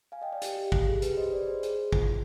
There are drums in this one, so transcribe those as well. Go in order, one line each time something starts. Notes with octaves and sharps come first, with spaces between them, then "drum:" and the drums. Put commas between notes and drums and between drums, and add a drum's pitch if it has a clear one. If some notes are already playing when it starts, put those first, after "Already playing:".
F5 G#5
D#5 G5
D5 F5
G4, drum: hi-hat
G4
G4, drum: kick
G#4
G4 B4, drum: hi-hat
C5 D#5
B4 D5
G#4 C5
G#4, drum: hi-hat
F4, drum: kick